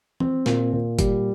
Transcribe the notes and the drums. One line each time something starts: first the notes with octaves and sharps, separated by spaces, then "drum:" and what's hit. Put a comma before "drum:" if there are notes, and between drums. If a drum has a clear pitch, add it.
C4, drum: tom E3
A#2, drum: snare
A#2
G3, drum: kick G1, hi-hat